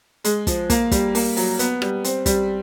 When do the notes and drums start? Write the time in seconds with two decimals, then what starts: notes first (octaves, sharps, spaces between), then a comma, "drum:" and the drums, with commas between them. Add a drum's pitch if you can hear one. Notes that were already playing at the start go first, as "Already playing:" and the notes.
0.24 G#3, drum: hi-hat
0.47 F3, drum: kick, hi-hat
0.70 A#3, drum: kick, hi-hat
0.91 G3, drum: kick, hi-hat
1.15 A#3, drum: open hi-hat
1.37 F#3, drum: open hi-hat
1.59 B3, drum: hi-hat
1.82 G3, drum: rim click
2.04 C4, drum: hi-hat
2.26 G3, drum: kick, hi-hat